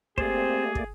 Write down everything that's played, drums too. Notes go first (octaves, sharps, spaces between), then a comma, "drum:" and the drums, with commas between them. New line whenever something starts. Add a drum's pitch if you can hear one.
A3 A#3 C4 G4 G#4 C5 D5, drum: kick
drum: kick